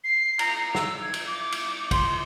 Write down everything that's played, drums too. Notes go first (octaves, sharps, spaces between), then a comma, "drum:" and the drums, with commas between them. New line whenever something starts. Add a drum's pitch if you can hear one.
C7
A#5, drum: cymbal
E6, drum: snare
G#6
drum: cymbal
D6
drum: cymbal
C6, drum: kick, cymbal